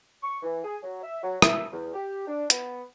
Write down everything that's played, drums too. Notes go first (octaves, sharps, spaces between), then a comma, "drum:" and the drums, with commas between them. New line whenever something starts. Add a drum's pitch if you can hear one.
C#6
E3
G#4
F#3
E5
F#3
E5, drum: rim click
E2
G4
D4
B3, drum: hi-hat